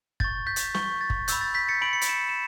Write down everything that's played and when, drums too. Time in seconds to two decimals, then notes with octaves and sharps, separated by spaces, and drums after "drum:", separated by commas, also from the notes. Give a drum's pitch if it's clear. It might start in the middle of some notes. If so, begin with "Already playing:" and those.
0.20 C#6 G6 A6, drum: kick
0.46 G6 B6
0.56 drum: hi-hat
0.75 C#6 G6, drum: snare
1.01 A6
1.10 drum: kick
1.28 B5 E6 G6, drum: hi-hat
1.41 A6
1.54 G6 B6
1.68 A6 C#7
1.82 B5 E6 G6 D7 F#7
1.93 C#7
2.01 D7, drum: hi-hat
2.09 C#7 E7
2.29 E7